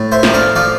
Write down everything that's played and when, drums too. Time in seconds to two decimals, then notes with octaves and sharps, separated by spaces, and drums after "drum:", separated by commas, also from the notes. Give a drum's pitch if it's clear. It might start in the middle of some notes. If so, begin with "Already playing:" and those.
Already playing: A2
0.12 C5 E5
0.23 F3, drum: snare
0.34 D5 F5
0.56 F3 D5 F5